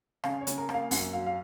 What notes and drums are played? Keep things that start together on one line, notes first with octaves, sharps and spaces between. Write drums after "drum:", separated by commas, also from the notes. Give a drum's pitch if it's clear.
C#3 F5, drum: rim click
C#5
C#3, drum: hi-hat
A#4
A#3, drum: rim click
F5
F#2 F#5, drum: open hi-hat
F#3 F5
F5